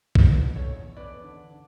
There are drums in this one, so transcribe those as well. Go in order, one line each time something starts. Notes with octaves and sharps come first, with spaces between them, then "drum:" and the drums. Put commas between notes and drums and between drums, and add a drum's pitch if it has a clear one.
D3 B4, drum: kick
D3
A4 C#5
E2
E2 B4 D5
D3
D3